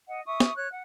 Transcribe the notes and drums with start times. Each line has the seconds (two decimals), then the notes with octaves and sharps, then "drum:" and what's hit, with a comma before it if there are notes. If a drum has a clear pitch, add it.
0.07 D#5 F#5
0.26 E5 C#6 D#6
0.40 drum: snare
0.56 C#5 F#6
0.71 F#5